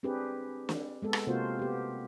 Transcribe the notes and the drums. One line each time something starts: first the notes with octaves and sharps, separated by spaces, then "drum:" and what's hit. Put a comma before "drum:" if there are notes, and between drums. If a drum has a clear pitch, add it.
C4 D4 G4 G#4 B4
drum: snare
G#3 B3 A4
drum: rim click
C3 A#3 C4 F4 F#4 C5
B3 G4